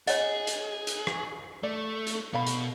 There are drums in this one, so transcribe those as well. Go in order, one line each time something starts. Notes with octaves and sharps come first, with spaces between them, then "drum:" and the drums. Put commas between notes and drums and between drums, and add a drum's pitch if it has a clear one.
G#4 C#5 D#5 F#5, drum: hi-hat
drum: hi-hat
drum: hi-hat
drum: rim click
A3 D5
drum: hi-hat
B2 A4 F5 B5
drum: hi-hat